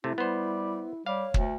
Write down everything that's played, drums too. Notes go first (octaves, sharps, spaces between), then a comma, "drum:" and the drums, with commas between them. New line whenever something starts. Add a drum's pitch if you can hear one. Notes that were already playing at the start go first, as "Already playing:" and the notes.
C3 A3 E4
G3 B3 C5
G3 C#5 F5
D2, drum: kick